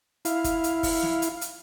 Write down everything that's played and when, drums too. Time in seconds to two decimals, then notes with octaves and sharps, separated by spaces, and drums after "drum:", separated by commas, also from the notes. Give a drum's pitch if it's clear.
0.25 E4 F5, drum: hi-hat
0.44 drum: kick F1, hi-hat
0.64 drum: hi-hat
0.83 drum: kick F1, open hi-hat
1.03 drum: snare
1.22 drum: hi-hat
1.41 drum: hi-hat